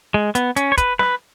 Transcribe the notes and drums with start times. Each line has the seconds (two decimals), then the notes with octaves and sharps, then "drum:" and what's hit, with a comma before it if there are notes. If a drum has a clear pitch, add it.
0.14 G#3
0.35 B3, drum: hi-hat
0.56 C#4, drum: hi-hat
0.72 C#5
0.78 B4, drum: kick, hi-hat
0.99 B4, drum: snare